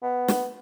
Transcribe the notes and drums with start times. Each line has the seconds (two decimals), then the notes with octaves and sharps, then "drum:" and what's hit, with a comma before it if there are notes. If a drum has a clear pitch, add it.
0.03 B3
0.28 drum: snare